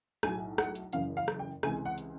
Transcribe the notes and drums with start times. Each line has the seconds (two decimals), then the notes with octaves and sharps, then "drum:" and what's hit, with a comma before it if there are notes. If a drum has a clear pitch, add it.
0.23 B1 A2 F#3 G#5, drum: rim click
0.58 F#5, drum: rim click
0.75 drum: hi-hat
0.93 F#1 F#2 C#3 E3 F5, drum: hi-hat
1.17 F5
1.28 drum: rim click
1.39 G5
1.63 C#2 C3 E3 G#3 G#5, drum: rim click
1.85 F#5
1.98 drum: hi-hat